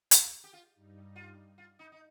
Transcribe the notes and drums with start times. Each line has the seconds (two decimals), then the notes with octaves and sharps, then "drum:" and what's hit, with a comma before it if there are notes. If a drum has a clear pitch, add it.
0.11 G4, drum: hi-hat
0.44 G4
0.53 F4
0.74 G2 G3 D#4
1.16 F4
1.58 F4
1.79 D#4
1.92 D#4